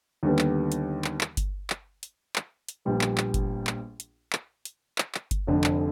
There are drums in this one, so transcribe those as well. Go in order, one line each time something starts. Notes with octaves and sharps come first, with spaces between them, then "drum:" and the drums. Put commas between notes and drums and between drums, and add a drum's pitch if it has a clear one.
D#2 D3 G3 B3
drum: clap
drum: hi-hat
drum: clap
drum: clap
drum: kick G1, hi-hat
drum: clap
drum: hi-hat
drum: clap
drum: hi-hat
A#1 A#2 G3 B3
drum: clap
drum: clap
drum: kick G1, hi-hat
drum: clap
drum: hi-hat
drum: clap
drum: hi-hat
drum: clap
drum: clap
drum: kick G1, hi-hat
F1 F2 D3
drum: clap